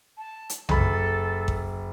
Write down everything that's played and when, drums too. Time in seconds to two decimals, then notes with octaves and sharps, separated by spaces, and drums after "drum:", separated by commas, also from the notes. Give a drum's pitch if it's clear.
0.18 A5
0.49 drum: hi-hat
0.69 F#1 A4 B5, drum: tom B1
1.48 drum: kick A1